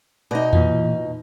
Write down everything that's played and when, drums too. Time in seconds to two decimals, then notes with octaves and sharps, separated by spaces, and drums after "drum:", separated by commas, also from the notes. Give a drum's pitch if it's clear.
0.31 B2 D#4 D5 A#6
0.53 A#2 E3 F4, drum: tom E2